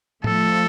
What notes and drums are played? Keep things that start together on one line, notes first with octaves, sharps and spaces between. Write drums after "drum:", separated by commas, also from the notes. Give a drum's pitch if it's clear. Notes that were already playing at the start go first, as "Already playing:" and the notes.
F3 A3 A4, drum: tom A2